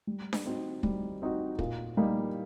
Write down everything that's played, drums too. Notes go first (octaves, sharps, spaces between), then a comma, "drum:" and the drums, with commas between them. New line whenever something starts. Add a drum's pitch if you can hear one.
G3
drum: snare D4
C4 D#4 F#4
G3, drum: kick
C4 D#4 F#4
A#2, drum: kick
G3 A#3 D#4